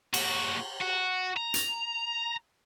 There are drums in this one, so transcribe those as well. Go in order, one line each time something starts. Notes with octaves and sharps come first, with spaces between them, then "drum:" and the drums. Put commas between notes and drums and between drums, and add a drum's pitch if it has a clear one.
A#2 F#4, drum: cymbal
F#4
A#5
drum: hi-hat